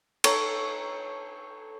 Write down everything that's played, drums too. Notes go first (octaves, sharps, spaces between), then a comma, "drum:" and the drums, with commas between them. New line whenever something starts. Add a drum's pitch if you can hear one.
A4 C#5 A#5, drum: cymbal